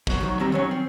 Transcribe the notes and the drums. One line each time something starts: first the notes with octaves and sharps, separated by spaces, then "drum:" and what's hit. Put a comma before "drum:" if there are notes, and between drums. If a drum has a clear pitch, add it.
B2 F#3 C5, drum: kick
D#3 F#3
G3 C4 A#5
D#3 F#3 C#4
C4